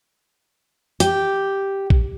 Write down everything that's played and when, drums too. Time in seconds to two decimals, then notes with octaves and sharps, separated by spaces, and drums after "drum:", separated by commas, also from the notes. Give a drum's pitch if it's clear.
1.00 G4, drum: hi-hat
1.90 drum: kick A#1